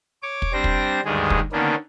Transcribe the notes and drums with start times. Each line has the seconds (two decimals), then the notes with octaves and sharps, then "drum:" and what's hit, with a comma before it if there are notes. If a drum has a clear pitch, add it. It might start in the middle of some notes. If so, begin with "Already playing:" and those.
0.23 C#5 D6
0.42 drum: kick
0.53 G3 C4 D4 C5 A#6
0.64 drum: kick
1.05 D2 G2 D#3 G#3 G#4
1.30 drum: kick
1.52 D3 D#3 A#3 B3 C#4 D4